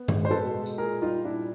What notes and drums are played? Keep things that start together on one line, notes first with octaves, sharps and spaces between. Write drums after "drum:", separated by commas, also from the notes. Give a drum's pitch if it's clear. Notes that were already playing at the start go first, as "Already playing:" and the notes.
Already playing: B3
G#3, drum: tom G2
C5
B2 A4 B4
G#3
drum: tambourine
A#2 G#4 A#4
G3 D#4 F4
A#2 D4 E4